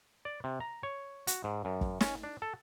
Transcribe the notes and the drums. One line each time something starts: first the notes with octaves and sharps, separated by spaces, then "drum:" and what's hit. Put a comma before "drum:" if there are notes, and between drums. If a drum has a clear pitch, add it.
D5
C3
A#5
C#5
F#4, drum: hi-hat
G#2
F#2
drum: kick
C#4, drum: snare
D4
A4